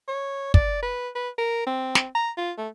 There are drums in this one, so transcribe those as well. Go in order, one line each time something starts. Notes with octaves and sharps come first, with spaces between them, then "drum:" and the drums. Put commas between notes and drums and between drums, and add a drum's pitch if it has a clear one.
C#5
D5, drum: kick
B4
B4
A#4
C4
drum: snare
A#5
F4
A3